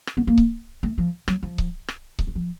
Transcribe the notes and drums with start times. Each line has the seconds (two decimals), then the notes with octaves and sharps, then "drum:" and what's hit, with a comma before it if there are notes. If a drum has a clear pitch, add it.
0.07 drum: rim click
0.17 B3
0.27 A#3
0.38 drum: kick C#1
0.83 A3
0.98 F3
1.28 F#3, drum: rim click
1.43 F3
1.58 drum: kick C#1
1.88 drum: rim click
2.19 F3, drum: kick C#1
2.27 E3
2.35 F3